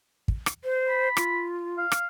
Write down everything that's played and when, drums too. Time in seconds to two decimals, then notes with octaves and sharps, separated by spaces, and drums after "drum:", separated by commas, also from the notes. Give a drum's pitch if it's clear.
0.28 drum: kick
0.46 drum: rim click
0.64 C5
0.88 B5
1.17 F4, drum: rim click
1.78 F5
1.92 drum: rim click